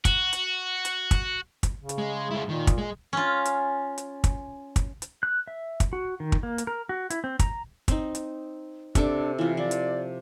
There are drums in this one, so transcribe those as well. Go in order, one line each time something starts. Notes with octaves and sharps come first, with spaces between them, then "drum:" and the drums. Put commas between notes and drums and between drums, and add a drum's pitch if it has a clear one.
F#4, drum: kick, hi-hat
drum: hi-hat
drum: hi-hat
drum: kick, hi-hat
drum: kick, hi-hat
C#3
drum: hi-hat
G#3
G#3 E4
A#2 D#3
drum: kick, hi-hat
G#3
C#4 F4
drum: hi-hat
drum: hi-hat
drum: kick, hi-hat
drum: kick, hi-hat
drum: hi-hat
F#6
E5
drum: kick, hi-hat
F#4
D#3
drum: kick
A#3
drum: hi-hat
A#4
F#4
E4, drum: hi-hat
C4
A#5, drum: kick, hi-hat
C4 D#4, drum: kick, hi-hat
drum: hi-hat
C3 D4 A4 D6, drum: kick, hi-hat
C3 E3 F4
F3 D5
drum: hi-hat